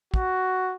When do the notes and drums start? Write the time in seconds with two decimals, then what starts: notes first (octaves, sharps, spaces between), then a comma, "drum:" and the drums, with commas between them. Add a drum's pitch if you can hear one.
0.14 F#4, drum: kick